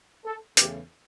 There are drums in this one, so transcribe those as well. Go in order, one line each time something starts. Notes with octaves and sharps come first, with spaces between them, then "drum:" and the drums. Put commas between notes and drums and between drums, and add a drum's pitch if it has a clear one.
A4
E2 C#3 E3 A3 G4, drum: hi-hat